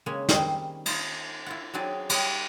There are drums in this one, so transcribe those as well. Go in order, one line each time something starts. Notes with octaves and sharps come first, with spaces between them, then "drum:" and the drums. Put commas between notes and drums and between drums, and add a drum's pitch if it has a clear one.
C#3 G#3 A#3 C#5 G#5
D#3 G3 C4 D#5 G#5 C6, drum: snare
D#4 F4 C5 D5 D#5, drum: cymbal
E4 F4 F#5
F#3 C4 D#4 F#4 G#4 D5
G3 F#4 C#5 D#5 G5, drum: cymbal